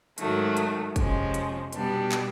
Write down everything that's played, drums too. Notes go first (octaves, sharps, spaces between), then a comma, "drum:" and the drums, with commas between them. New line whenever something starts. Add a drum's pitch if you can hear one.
G#2 D#3 F#3 A3, drum: hi-hat
drum: hi-hat
F2 C3 F3 G#3 C#4, drum: kick, hi-hat
drum: hi-hat
B2 G3 B3 D4 G4, drum: hi-hat
drum: clap